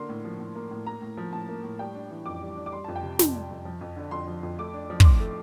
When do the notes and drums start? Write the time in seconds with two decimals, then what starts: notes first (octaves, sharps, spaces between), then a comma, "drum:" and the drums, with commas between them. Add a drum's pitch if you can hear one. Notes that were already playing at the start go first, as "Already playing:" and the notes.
Already playing: D3 A#3 C6
0.09 A2
0.24 F3
0.40 A2
0.55 A#3
0.71 A2
0.86 A#3 A#5
1.02 A2
1.17 F3
1.33 A2 A5
1.49 A#3
1.63 A2
1.79 G3 G5
1.95 D4
2.11 E3
2.26 F2 D6
2.42 G3
2.56 D4
2.66 D6
2.72 G3 C6
2.84 A5
2.88 F2
2.96 G5
3.03 C3
3.19 F2, drum: snare
3.35 G3
3.50 F2
3.65 F3
3.81 F2
3.97 D3
4.11 F2 C6
4.27 F3
4.43 F2
4.59 A3 D6
4.74 D4
4.90 F3
5.00 C6, drum: kick
5.05 A2 D6
5.20 A3